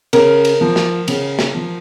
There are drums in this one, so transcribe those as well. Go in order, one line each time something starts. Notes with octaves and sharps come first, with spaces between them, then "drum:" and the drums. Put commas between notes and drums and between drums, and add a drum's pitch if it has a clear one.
C#3 A#4, drum: cymbal
drum: cymbal
F3
drum: snare
C#3, drum: cymbal
drum: snare
F3